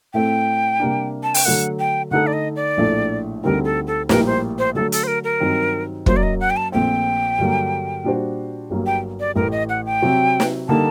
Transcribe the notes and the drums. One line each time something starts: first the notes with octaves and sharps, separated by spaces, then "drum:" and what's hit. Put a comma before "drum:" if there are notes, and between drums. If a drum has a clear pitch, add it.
A2 A3 C4 G5
C3 G3 A#3 D4
A5
G5, drum: open hi-hat
D3 F#3 A3 F#5
G5
D3 A3 D#4 A4 F#5
D5
D#5
D5
A#1 A2 A3 D4
D2 D3 G3 C4 D#4 A#4
A4
A4
A#1 A2 G3 A#3 A#4, drum: snare
C5
C5
D3 F#3 A3 A4
A4, drum: hi-hat
C5
A#4
A#4
G2 D#3 F#3 C4
F#2 F#3 A#3 C5, drum: kick
D5
D#5
F#5
G5
A5
A#1 A#2 A3 C4 G5
G2 D3 F#3 A#3
A#2 G3 D4 F#4 C5
G1 G2 F#3 A#3
G5
D5
A1 A2 A3 A#4
D#5
F#5
G5
C3 F#3 C4 F#4
drum: snare
D3 G3 A#3 D#4 A5